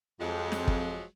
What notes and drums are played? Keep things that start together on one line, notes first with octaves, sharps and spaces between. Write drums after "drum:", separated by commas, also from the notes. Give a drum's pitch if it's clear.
F2 F3 F#3 G#3
drum: snare
drum: kick